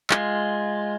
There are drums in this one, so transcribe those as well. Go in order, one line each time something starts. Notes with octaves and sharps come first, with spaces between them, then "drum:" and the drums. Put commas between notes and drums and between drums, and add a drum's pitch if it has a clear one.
G#3 F4, drum: clap